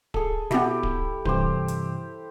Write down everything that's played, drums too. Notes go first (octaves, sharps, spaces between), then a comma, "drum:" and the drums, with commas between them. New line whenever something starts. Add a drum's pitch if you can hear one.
G#4 A4, drum: kick D1
B2 B3 E4 G4, drum: snare
drum: kick D1
G2 C3 E3 G4 C5, drum: kick D1
drum: hi-hat